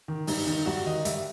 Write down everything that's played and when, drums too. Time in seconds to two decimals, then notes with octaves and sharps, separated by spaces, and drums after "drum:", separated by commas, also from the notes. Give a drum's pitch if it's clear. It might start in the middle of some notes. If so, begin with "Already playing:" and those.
0.08 D#3
0.27 G2 D#4, drum: open hi-hat
0.47 D#3 D#4
0.66 G2 F#4
0.86 D#3 D#5
1.05 G2 E5, drum: hi-hat